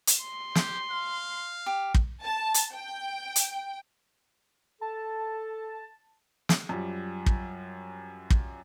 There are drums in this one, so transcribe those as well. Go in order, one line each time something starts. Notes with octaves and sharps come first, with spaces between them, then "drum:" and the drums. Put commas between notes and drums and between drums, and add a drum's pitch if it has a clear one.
drum: hi-hat
C6
G4, drum: snare
F5
G4
drum: kick
A5
drum: hi-hat
G5
drum: hi-hat
A4 A5
drum: snare
F#2 F3 G3
drum: kick
drum: kick